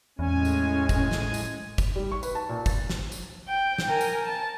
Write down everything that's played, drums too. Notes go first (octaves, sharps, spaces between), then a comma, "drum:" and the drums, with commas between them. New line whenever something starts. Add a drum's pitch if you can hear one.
E2 A2 G#3 C#4 G#5
drum: tambourine
drum: kick, tambourine
drum: snare
drum: tambourine
drum: kick, tambourine
G3
C#6
B4, drum: tambourine
A5
A#2
A6, drum: kick, tambourine
drum: snare
drum: tambourine
G5
drum: snare
A#4 G#5
drum: tambourine
A5